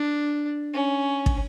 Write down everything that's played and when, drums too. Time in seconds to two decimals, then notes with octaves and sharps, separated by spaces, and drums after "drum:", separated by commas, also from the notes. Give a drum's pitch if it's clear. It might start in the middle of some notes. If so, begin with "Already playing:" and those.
Already playing: D4
0.74 C#4
1.26 drum: kick